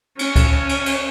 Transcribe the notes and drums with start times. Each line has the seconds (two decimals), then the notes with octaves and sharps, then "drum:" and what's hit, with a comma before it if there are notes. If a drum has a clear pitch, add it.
0.19 C#4, drum: cymbal
0.36 drum: kick C#2, cymbal
0.69 drum: cymbal
0.86 drum: cymbal